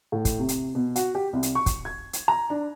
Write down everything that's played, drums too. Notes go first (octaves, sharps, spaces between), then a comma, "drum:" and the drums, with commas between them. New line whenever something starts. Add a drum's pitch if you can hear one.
A2
drum: kick, hi-hat
C3
drum: hi-hat
B2
F#4, drum: hi-hat
G4
C2
drum: hi-hat
C#6
drum: kick, hi-hat
G#6
drum: hi-hat
A#5
D4